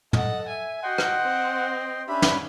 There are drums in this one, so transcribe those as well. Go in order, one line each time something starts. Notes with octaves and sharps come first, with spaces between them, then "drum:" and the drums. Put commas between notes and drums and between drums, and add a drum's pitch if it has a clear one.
A4 D#5 F#5, drum: tom
E5 G#5
F#4 D#5 F#5 G5 C6
drum: rim click
C4
C#4 D4 G4 E5 B5
drum: snare